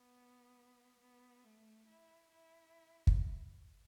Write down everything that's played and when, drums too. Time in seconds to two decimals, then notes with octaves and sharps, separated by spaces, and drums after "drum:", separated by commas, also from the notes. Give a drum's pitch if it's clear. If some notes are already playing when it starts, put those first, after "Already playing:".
Already playing: B3
1.00 B3
1.44 A3
1.88 E4
2.31 E4
3.07 drum: kick